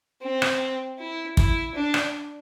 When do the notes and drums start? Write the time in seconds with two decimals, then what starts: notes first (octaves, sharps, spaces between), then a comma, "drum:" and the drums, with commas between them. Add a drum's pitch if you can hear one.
0.22 C4
0.42 drum: rim click
0.99 E4
1.37 E4, drum: kick
1.75 D4
1.94 drum: rim click